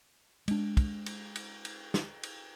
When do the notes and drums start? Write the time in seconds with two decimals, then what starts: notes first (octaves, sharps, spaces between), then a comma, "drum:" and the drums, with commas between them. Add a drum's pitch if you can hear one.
0.48 G#3 D4, drum: cymbal
0.77 drum: kick, cymbal
1.06 drum: cymbal
1.36 drum: cymbal
1.65 drum: cymbal
1.94 drum: snare
2.23 drum: cymbal